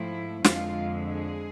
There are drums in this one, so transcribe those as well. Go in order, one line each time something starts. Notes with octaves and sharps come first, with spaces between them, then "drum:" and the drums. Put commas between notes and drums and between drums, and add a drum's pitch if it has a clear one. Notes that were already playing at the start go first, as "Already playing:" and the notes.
Already playing: G#2 F3 A3 C4 E4
F2 D3 G#3 F4, drum: snare
G#4